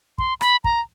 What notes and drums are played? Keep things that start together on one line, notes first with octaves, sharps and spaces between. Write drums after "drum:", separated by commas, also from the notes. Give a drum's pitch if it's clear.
C6, drum: kick
B5, drum: rim click
A#5, drum: kick